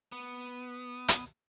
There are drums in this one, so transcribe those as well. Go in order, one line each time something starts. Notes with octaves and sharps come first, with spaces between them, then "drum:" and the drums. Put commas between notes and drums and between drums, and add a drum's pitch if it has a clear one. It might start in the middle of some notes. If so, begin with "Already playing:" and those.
B3
drum: hi-hat